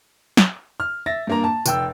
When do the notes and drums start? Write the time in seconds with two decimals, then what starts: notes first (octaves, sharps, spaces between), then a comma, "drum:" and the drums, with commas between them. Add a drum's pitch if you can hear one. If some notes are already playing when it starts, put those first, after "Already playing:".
0.37 drum: snare
0.80 F6
1.06 E5 A6 A#6
1.27 G2 A#3 A#5
1.44 A5
1.66 F1 G5 E6, drum: tambourine